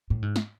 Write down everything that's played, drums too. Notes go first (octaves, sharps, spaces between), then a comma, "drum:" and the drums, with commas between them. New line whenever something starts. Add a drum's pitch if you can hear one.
A2
G#2
drum: snare